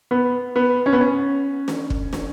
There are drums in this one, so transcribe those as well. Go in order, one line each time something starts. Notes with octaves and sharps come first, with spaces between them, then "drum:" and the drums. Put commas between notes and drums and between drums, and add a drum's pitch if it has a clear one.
B3
B3
C#4
B3
C#4
drum: snare
drum: kick
drum: snare